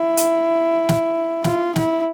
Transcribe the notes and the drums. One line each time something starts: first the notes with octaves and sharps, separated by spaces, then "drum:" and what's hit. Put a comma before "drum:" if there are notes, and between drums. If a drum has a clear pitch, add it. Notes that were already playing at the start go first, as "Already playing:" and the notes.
Already playing: E4
drum: hi-hat
drum: snare
F4, drum: snare
E4, drum: snare